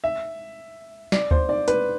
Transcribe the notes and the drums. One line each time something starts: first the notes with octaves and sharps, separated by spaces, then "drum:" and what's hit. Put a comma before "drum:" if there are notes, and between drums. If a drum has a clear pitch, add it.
E5
D5, drum: snare
C5, drum: kick D2
D5
B4, drum: hi-hat